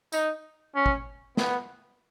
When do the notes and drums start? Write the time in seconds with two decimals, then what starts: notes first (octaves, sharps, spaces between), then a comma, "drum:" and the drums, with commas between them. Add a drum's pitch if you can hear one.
0.12 D#4, drum: tambourine
0.75 C#4
0.86 drum: kick
1.37 B3, drum: snare